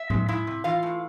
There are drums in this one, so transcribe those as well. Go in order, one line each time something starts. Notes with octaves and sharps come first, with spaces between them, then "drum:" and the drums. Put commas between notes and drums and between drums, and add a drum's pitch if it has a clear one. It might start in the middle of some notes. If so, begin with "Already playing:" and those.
Already playing: E5
G#3, drum: tom A2
G#3 E4 E5
C3
E3 F4 F5
A2